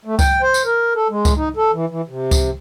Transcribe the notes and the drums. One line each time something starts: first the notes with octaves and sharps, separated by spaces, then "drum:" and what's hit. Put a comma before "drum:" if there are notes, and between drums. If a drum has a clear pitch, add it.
A3
G5, drum: kick C#2, tambourine
C5
drum: tambourine
A#4
A4
G#3
drum: kick C#2, tambourine
D#4
A4
E3
E3
C3
drum: kick C#2, tambourine